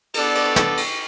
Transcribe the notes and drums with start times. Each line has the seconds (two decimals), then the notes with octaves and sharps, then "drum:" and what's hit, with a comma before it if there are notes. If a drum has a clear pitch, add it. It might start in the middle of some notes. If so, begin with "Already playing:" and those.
0.14 B3 D4 A4 D5, drum: cymbal
0.35 drum: cymbal
0.56 drum: snare
0.77 drum: cymbal